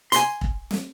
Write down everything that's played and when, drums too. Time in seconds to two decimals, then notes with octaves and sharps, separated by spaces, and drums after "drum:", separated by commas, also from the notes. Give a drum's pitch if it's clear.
0.12 G#5 C6, drum: hi-hat
0.41 drum: kick
0.71 drum: snare